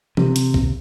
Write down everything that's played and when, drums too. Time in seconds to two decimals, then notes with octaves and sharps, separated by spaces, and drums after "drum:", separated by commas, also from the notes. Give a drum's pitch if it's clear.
0.17 C3, drum: tom E3
0.36 drum: hi-hat
0.54 drum: kick